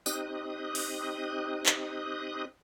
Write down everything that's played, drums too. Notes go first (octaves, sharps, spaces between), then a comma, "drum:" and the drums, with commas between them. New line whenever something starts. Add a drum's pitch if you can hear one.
C4 D#4 G4 D#5 D#6 F#6, drum: tambourine
drum: open hi-hat
drum: clap